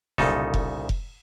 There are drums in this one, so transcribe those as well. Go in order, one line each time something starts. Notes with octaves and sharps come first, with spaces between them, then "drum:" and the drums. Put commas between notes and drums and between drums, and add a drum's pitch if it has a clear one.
C2 A#2 C#3 D#4 A4, drum: snare
drum: kick F1
drum: kick F1